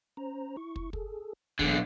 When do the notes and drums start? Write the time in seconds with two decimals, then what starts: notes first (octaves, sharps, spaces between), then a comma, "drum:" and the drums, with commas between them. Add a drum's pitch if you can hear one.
0.17 C#4 C5 A#5
0.57 E4 C#6
0.76 drum: kick
0.93 G#4 A4, drum: kick
1.59 B1 D3 E3 D4 G#4, drum: kick